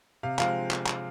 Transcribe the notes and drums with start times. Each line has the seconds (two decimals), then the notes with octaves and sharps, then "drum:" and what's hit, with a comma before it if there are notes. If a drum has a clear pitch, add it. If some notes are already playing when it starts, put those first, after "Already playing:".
0.23 C3 F5
0.39 F3 G#3 C4 F5, drum: clap
0.71 drum: clap
0.87 drum: clap